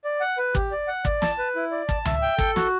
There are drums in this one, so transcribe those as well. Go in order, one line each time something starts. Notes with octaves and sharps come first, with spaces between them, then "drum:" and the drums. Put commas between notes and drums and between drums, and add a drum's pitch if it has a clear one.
D5
F#5
B4
G4, drum: kick
D5
F#5
D5, drum: kick
A5, drum: snare
B4
E4
D5
A5, drum: kick
E5, drum: tom C#2
G5
A4, drum: kick
F#4, drum: snare